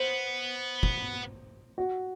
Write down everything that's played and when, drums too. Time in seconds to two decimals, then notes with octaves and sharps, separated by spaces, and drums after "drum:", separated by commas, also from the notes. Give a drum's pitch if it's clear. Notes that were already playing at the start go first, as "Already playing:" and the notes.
Already playing: B3 C5
0.83 drum: kick
1.78 F#4